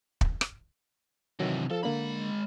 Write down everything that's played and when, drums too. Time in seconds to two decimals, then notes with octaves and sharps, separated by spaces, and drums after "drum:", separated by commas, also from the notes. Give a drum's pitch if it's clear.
0.21 drum: kick
0.41 drum: rim click
1.40 C3 D#3 E3 F#3
1.71 F3 A4 F5
1.84 D3 G#3 A#3 D4 B5